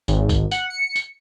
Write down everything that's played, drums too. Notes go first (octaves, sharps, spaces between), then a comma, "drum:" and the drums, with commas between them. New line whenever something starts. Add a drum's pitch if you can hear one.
G#1, drum: tambourine
drum: kick, tambourine
F#5, drum: tambourine
C#7
drum: tambourine